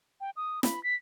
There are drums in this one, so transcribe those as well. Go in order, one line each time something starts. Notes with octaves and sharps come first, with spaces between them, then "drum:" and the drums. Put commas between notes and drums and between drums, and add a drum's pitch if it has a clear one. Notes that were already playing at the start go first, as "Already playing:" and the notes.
G5
D#6
B5, drum: snare
B6